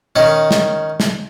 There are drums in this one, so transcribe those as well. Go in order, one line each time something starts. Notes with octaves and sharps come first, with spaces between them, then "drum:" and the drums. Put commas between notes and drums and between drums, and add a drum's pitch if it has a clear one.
D#3 C#4
drum: snare
drum: snare